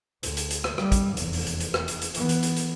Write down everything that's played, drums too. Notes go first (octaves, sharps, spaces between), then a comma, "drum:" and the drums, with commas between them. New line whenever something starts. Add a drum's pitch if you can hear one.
D2, drum: hi-hat
drum: hi-hat
drum: hi-hat
drum: rim click
G3, drum: rim click
drum: kick, hi-hat
F1 E2, drum: hi-hat
drum: open hi-hat
drum: hi-hat
drum: hi-hat
drum: rim click
drum: hi-hat
drum: hi-hat
E3 B3, drum: hi-hat
drum: hi-hat
drum: hi-hat
drum: hi-hat